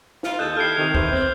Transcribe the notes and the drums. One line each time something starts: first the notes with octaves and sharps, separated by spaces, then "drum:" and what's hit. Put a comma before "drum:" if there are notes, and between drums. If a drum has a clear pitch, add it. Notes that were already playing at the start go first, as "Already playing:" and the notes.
F4, drum: snare
D#2 A4 D#5 F#6 G6
E4 G4 A4 F6 G#6 C7
C3 D#3 F7
E2 E3 C5, drum: kick
C4 G6